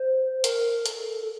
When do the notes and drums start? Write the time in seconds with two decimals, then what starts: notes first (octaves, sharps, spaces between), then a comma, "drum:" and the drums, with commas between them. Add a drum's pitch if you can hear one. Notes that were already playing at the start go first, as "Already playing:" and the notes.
Already playing: C5
0.44 A#4, drum: hi-hat
0.86 A4, drum: hi-hat
1.23 A4